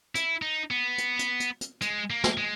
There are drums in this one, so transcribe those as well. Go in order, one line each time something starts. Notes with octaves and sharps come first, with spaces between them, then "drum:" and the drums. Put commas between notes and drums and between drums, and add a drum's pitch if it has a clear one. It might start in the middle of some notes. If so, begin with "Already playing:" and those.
E4, drum: hi-hat
D#4
B3
drum: hi-hat
drum: hi-hat
drum: hi-hat
drum: hi-hat
G#3, drum: hi-hat
A#3
drum: snare
G#3